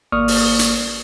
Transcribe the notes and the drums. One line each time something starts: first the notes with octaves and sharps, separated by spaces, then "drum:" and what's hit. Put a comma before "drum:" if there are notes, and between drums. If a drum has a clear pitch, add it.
G#1 A#3 D5 C#6 D#6 F6
drum: open hi-hat
drum: hi-hat